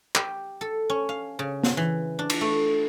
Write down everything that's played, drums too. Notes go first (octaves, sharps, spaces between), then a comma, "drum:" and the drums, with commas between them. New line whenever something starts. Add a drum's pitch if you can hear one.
G4, drum: clap
A4
C#4
F5
C#3
drum: snare
E3
D4
drum: cymbal
A3